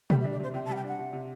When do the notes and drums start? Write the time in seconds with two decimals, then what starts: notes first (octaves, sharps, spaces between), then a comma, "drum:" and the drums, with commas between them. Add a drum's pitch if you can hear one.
0.10 G3 G5, drum: tom B2
0.21 E5
0.24 D4
0.32 D5
0.40 C3 C5
0.54 C3 G5
0.66 A5
0.69 G3 F#5
0.76 G5
0.84 D4 F#5
0.99 C3
1.13 C3